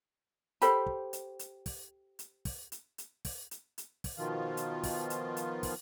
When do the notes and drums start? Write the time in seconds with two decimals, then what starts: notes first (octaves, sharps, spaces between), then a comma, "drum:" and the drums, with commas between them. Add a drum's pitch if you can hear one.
0.62 G4 A4 C5 B5, drum: hi-hat
0.86 drum: kick
1.13 drum: hi-hat
1.39 drum: hi-hat
1.66 drum: kick, open hi-hat
2.19 drum: hi-hat
2.45 drum: kick, open hi-hat
2.72 drum: hi-hat
2.98 drum: hi-hat
3.25 drum: kick, open hi-hat
3.51 drum: hi-hat
3.78 drum: hi-hat
4.04 drum: kick, open hi-hat
4.17 B2 D#3 F3 F4
4.57 drum: hi-hat
4.84 drum: kick, open hi-hat
5.10 drum: hi-hat
5.37 drum: hi-hat
5.63 drum: kick, open hi-hat